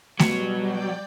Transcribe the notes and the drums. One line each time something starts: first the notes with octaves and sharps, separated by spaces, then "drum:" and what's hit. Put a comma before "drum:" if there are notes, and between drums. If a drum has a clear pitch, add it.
B2 F#3 G3, drum: snare A3
D5 G5 G6